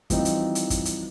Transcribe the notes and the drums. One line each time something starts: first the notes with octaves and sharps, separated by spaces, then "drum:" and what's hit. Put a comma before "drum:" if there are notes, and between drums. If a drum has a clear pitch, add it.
E3 F3 G3 C4 D#4, drum: kick, hi-hat
drum: hi-hat
drum: hi-hat
drum: kick, hi-hat
drum: hi-hat